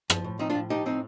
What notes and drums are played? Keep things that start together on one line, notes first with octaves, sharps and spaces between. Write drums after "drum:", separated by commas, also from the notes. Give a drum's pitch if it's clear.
F3, drum: rim click
A2
F3 C4 D#4
D4 F4
A2
F3 D#4 G4
A2 C4 D#4